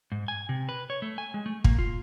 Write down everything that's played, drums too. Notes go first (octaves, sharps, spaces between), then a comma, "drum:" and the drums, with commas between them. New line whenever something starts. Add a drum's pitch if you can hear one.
G#2
G#5
C3
B4
C#5
A3
G#5
G#3
A3
A#3, drum: kick
F4